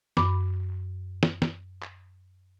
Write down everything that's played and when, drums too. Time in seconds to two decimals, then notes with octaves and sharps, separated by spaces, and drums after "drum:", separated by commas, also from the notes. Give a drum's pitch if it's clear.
0.17 F#2 B5 D6, drum: snare
1.23 drum: snare
1.42 drum: snare
1.83 drum: clap